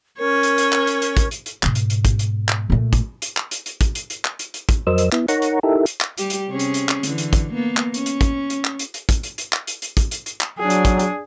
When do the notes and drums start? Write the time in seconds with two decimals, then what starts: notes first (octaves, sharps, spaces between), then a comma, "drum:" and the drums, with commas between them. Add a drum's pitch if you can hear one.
0.19 C#4 A#4 C#5
0.43 drum: hi-hat
0.58 drum: hi-hat
0.73 drum: clap
0.87 drum: hi-hat
1.02 drum: hi-hat
1.17 drum: kick, hi-hat
1.31 drum: hi-hat
1.46 drum: hi-hat
1.63 G#2 B2, drum: clap
1.75 drum: hi-hat
1.90 drum: hi-hat
2.05 drum: kick, hi-hat
2.19 drum: hi-hat
2.49 drum: clap
2.70 A#2 A3
2.93 drum: kick, hi-hat
3.22 drum: hi-hat
3.37 drum: clap
3.51 drum: hi-hat
3.66 drum: hi-hat
3.81 drum: kick, hi-hat
3.95 drum: hi-hat
4.10 drum: hi-hat
4.25 drum: clap
4.39 drum: hi-hat
4.54 drum: hi-hat
4.69 drum: kick, hi-hat
4.87 F2 F#3 A#4 C5 D#5 E6
4.98 drum: hi-hat
5.12 B3 E4, drum: clap
5.28 D#4 A#4 C#5 F#5 A#5 C#6, drum: hi-hat
5.42 drum: hi-hat
5.63 D#4 E4 G4 A4 A#4 E5
5.86 drum: hi-hat
6.01 drum: clap
6.18 G3 G4, drum: hi-hat
6.30 drum: hi-hat
6.50 C3 C#4 G#4
6.59 drum: hi-hat
6.74 drum: hi-hat
6.89 drum: clap
7.03 D3 E3, drum: hi-hat
7.18 drum: hi-hat
7.33 drum: kick, hi-hat
7.53 A#3 B3
7.77 drum: clap
7.94 C#4, drum: hi-hat
8.06 drum: hi-hat
8.21 drum: kick, hi-hat
8.50 drum: hi-hat
8.65 drum: clap
8.79 drum: hi-hat
8.94 drum: hi-hat
9.09 drum: kick, hi-hat
9.23 drum: hi-hat
9.38 drum: hi-hat
9.53 drum: clap
9.67 drum: hi-hat
9.82 drum: hi-hat
9.97 drum: kick, hi-hat
10.11 drum: hi-hat
10.26 drum: hi-hat
10.41 drum: clap
10.59 F#3 D4 G#4
10.70 drum: hi-hat
10.85 drum: kick, hi-hat
10.99 drum: hi-hat